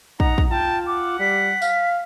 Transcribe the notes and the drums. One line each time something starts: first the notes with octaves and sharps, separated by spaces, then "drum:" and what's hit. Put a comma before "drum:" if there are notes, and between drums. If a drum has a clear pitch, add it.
D#4 F#5 A#5, drum: kick
drum: kick
F4 G5 A5
F#5 D6
G3 B6
F5, drum: tambourine